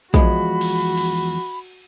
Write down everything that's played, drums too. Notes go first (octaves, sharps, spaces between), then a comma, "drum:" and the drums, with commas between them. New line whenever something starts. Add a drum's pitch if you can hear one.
E2 F3 G#3 F#4 B5, drum: kick
drum: cymbal
drum: cymbal